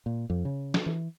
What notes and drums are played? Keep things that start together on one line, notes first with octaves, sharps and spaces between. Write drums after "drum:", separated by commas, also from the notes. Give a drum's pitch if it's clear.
A#2
F2
C#3
drum: snare
E3